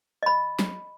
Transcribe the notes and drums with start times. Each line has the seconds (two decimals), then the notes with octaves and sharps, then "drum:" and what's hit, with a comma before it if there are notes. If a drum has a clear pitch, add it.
0.23 D#5 B5
0.59 drum: snare